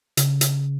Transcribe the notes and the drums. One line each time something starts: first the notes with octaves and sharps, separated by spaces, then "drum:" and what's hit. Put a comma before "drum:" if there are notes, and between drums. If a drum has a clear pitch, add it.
C#3, drum: hi-hat
drum: hi-hat